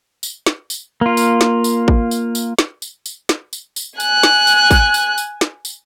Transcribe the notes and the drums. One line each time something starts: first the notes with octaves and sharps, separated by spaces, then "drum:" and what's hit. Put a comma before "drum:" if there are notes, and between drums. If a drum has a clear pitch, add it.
drum: tambourine
drum: snare
drum: tambourine
A#3 F4
drum: tambourine
drum: snare
drum: tambourine
drum: kick
drum: tambourine
drum: tambourine
drum: snare
drum: tambourine
drum: tambourine
drum: snare
drum: tambourine
drum: tambourine
G#5 F#6, drum: tambourine
drum: snare
drum: tambourine
drum: kick, tambourine
drum: tambourine
drum: tambourine
drum: snare
drum: tambourine